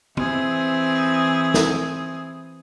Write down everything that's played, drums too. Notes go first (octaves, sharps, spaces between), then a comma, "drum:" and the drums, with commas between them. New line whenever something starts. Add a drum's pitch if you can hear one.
E3 C4 G#4, drum: tom
drum: snare